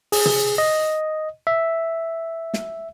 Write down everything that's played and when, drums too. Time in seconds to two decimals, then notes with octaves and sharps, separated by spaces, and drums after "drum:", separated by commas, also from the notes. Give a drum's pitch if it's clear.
0.12 G#4, drum: open hi-hat
0.26 drum: tom
0.58 D#5
1.47 E5
2.54 drum: snare